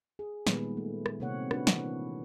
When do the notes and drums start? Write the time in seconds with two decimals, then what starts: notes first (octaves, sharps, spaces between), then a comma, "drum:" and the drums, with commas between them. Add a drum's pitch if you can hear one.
0.19 G#4
0.47 A#2 D#3 G3 G#3 B3 B4, drum: snare
0.77 A3
1.06 drum: rim click
1.20 C3 A#3 C4 C#5 F#5
1.51 D4 F#4 B4, drum: rim click
1.67 E3, drum: snare